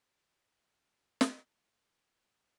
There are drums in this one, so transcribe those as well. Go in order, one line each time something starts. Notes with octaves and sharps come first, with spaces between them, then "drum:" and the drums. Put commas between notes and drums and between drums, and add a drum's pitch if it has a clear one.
G#4 A4 E5 A5
drum: snare